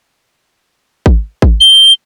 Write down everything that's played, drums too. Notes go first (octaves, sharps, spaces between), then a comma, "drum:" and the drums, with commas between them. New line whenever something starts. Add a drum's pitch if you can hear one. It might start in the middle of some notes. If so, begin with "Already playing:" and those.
drum: kick G#1
drum: kick G#1
G7